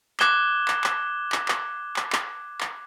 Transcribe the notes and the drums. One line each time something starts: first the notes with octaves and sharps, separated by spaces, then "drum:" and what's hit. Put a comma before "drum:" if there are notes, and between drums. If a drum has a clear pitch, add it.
D6 F#6 G#6 E7 G7, drum: clap
drum: clap
drum: clap
drum: clap
drum: clap
drum: clap
drum: clap
drum: clap